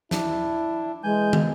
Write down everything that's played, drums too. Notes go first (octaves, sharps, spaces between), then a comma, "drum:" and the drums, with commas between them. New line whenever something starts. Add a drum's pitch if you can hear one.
D4 E4, drum: snare
E3 G#3 G#5 G6
drum: tom